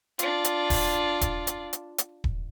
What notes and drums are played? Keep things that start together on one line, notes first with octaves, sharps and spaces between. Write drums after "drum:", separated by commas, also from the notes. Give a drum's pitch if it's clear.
D4 F4, drum: hi-hat
drum: hi-hat
drum: kick D#1, open hi-hat
drum: kick D#1, hi-hat
drum: hi-hat
drum: hi-hat
drum: hi-hat
drum: kick D#1